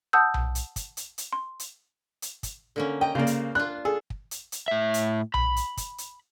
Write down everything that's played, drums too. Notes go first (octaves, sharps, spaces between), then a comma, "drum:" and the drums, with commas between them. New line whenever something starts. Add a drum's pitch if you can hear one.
F#5 A5 D#6 E6 G6
drum: tom B1
drum: hi-hat
drum: kick, hi-hat
drum: hi-hat
drum: hi-hat
C6
drum: hi-hat
drum: hi-hat
drum: kick, hi-hat
D3 A#3 C#4
D#5 G5 A#5
C#3 A#3 C5 D5
drum: hi-hat
D4 F4 F#6
G#4 A4
drum: kick
drum: hi-hat
drum: hi-hat
A2 E5
drum: hi-hat
B5, drum: tom B1
drum: hi-hat
drum: kick, hi-hat
drum: hi-hat